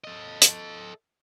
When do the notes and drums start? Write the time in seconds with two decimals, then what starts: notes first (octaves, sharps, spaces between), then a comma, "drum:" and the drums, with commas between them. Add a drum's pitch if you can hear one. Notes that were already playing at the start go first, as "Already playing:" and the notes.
0.04 A4 D#5
0.42 drum: hi-hat